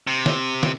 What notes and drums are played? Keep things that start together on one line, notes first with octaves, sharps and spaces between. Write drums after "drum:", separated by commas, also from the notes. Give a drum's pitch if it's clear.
C3
drum: snare
drum: snare